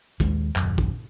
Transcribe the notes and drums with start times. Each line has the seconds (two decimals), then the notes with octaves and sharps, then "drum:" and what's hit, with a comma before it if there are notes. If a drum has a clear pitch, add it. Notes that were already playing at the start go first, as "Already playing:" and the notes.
0.20 D#2 G#3, drum: kick, hi-hat
0.56 D#1 F#2, drum: clap
0.78 drum: kick